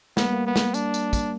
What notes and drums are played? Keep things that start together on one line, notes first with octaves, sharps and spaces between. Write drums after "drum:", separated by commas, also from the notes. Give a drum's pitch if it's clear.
A#3 B3, drum: snare
G3
A#3
B3
drum: snare
D4, drum: tambourine
drum: tambourine
drum: kick, tambourine